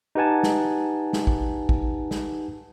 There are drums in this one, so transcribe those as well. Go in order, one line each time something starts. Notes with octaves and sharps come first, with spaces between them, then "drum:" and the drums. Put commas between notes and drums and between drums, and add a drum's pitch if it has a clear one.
D#4 G4 B4 F#5 G#5 A5
drum: snare
drum: snare
drum: kick A1
drum: kick A1
drum: snare